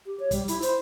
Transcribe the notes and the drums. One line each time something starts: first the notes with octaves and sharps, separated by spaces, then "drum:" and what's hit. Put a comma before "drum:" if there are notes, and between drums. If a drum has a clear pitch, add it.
G4
C#5
G3, drum: kick, hi-hat
E4, drum: hi-hat
C5, drum: hi-hat